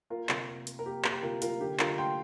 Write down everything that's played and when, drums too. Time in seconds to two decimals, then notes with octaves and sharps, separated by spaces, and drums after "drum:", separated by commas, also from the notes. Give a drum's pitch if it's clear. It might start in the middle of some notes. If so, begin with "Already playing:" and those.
0.10 A#3 F4 A#4
0.29 C3, drum: clap
0.48 A#3
0.67 A#3, drum: hi-hat
0.79 A#4
0.85 A#3 G4
1.04 A#3, drum: clap
1.10 G4
1.23 C3 F4 A#4
1.42 A#3 F4 A#4, drum: hi-hat
1.60 D3 G4
1.79 D3 F4 A#4, drum: clap
1.98 A#3 G5 C6